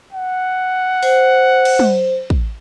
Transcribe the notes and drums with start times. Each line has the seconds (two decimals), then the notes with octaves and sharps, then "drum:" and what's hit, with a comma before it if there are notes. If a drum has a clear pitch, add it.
0.13 F#5
1.03 C5, drum: open hi-hat
1.65 drum: cymbal
1.79 drum: tom
2.30 drum: kick